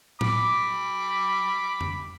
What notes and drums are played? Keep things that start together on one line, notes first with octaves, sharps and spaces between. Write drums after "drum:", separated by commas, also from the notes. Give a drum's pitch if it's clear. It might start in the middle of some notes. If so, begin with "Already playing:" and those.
B5 D6, drum: tom A2
drum: tom F2